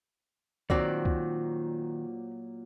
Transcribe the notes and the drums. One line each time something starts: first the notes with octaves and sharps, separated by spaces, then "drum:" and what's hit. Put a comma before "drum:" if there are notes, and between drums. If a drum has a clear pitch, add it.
A#2 D#3 F#3 C4 F#4 D5, drum: kick
drum: kick